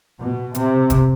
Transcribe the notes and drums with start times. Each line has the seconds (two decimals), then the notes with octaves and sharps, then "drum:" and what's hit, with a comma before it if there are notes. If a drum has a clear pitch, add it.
0.19 B2
0.55 C3, drum: hi-hat
0.90 drum: kick, hi-hat